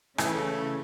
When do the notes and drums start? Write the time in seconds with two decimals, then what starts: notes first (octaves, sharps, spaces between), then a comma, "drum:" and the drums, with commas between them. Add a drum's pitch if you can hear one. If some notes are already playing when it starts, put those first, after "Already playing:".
0.18 C#3 E3 A3, drum: rim click